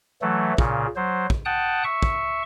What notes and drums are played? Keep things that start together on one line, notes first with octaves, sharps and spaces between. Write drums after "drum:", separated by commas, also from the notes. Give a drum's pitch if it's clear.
E3 F#3 A3
A#2 C#3, drum: kick
F#3 C5
drum: kick
F#5 G5 A5 D#6 F#6
E5 C#6
drum: kick